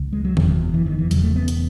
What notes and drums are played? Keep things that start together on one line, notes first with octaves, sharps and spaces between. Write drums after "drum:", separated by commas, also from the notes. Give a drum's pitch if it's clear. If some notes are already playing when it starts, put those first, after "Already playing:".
Already playing: C#2 C#3
G#3
F#3
F#1 E2 B2, drum: tom D#3
E3
D#3
E3
E1 E2 C#3 F#3, drum: hi-hat
A3
B3
drum: hi-hat